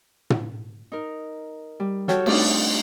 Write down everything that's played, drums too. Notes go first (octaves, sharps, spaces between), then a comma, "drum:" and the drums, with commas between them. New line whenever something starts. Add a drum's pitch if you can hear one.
drum: tom
D#4 A#4
G3
F#4 A4 C#5 G5 A5 F6, drum: snare
A3 C4 D4 D#4 F4, drum: cymbal